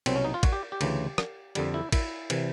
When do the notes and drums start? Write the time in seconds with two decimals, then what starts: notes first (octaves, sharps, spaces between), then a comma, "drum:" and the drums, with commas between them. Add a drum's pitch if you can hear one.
0.06 C2 B2 F#3 C4, drum: cymbal
0.16 C#4
0.24 D#4
0.34 F4
0.43 F#4, drum: kick, cymbal
0.52 G4
0.72 G4
0.81 D2 C#3 E3, drum: cymbal
1.18 drum: rim click
1.55 F2 D3 G3, drum: cymbal
1.74 E4
1.92 E4, drum: kick, cymbal
2.30 C3 E3, drum: cymbal